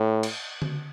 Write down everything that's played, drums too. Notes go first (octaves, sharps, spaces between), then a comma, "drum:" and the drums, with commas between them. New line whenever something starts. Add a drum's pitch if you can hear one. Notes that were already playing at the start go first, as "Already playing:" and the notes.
Already playing: A2
drum: cymbal
drum: tom D3